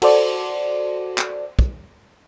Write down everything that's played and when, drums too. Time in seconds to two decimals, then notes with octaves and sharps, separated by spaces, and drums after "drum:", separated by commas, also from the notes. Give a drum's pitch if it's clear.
0.02 F#4 A4 C5 D5, drum: cymbal
1.18 drum: clap
1.59 drum: kick